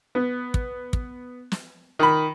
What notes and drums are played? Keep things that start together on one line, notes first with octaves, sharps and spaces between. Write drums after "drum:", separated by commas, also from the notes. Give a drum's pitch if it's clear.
B3
drum: kick
drum: kick
drum: snare
D#3 B5